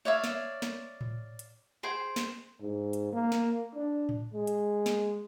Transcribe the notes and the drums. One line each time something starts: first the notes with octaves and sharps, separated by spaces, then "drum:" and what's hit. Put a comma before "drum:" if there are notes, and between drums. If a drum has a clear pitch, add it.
C#5 D5 E5 F5
drum: snare
drum: snare
drum: tom A2
drum: hi-hat
G#4 C5 G5
drum: snare
G#2
drum: hi-hat
A#3
drum: snare
D4
drum: tom A2
G#3
drum: hi-hat
drum: snare